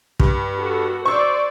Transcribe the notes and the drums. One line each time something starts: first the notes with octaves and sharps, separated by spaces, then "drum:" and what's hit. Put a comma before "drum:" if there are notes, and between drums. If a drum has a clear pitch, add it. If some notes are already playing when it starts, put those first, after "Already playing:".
G2, drum: kick
F#4 A4
C5 D5 C#6 E6